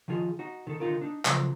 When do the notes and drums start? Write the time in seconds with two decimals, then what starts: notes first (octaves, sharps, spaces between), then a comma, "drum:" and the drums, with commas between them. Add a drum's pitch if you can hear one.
0.08 D#3 F3 E4 F4 G#4 D#5
0.39 D#4 F#4
0.67 D#3 A4
0.80 D3 D#3 D#4 F4 A#4
1.01 D4 D#4
1.25 C#3 F3 F#3 A3 C5 A#5, drum: clap